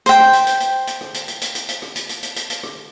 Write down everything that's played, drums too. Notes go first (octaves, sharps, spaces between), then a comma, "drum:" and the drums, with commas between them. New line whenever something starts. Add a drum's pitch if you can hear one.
C5 G5, drum: hi-hat
drum: rim click
drum: hi-hat
drum: hi-hat
drum: hi-hat
drum: hi-hat
drum: rim click
drum: hi-hat
drum: hi-hat
drum: hi-hat
drum: hi-hat
drum: hi-hat
drum: rim click
drum: hi-hat
drum: hi-hat
drum: hi-hat
drum: hi-hat
drum: hi-hat
drum: rim click